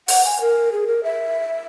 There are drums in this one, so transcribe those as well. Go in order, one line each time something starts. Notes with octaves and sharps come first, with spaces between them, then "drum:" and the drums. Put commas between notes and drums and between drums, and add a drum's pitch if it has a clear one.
F#5, drum: open hi-hat
G#5
A#4
G#4
A#4
E5